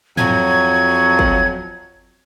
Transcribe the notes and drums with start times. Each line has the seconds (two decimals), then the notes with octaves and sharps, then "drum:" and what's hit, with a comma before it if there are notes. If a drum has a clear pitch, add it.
0.17 F2 F#3 G#6, drum: tom G#2
1.19 drum: kick